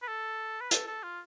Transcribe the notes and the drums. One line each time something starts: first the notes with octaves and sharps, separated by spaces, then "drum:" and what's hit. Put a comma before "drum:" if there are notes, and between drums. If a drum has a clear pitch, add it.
B4
A4
B4
A4, drum: hi-hat
A4
F4